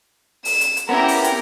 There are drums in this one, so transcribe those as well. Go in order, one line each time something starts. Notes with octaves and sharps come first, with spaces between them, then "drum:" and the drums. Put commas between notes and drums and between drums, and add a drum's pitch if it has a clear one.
E7, drum: open hi-hat
drum: hi-hat
drum: hi-hat
B3 C#4 E4 G4 A#4 A#5
drum: open hi-hat
drum: hi-hat